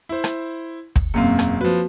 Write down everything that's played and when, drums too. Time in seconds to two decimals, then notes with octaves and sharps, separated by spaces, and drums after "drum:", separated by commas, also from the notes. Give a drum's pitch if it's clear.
0.09 E4 C5
0.24 drum: rim click
0.96 drum: kick
1.14 E1 F#2 A#3 C4 F5
1.39 drum: rim click
1.61 F3 F#4 B4